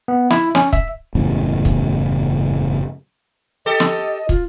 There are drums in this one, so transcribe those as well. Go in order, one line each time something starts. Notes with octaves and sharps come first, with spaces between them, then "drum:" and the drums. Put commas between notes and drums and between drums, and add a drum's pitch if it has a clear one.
B3
E4, drum: snare
C#4, drum: snare
E5, drum: kick
F#1 E2 A2 C#3
drum: kick
G4 A4 D#5
drum: snare
F4, drum: kick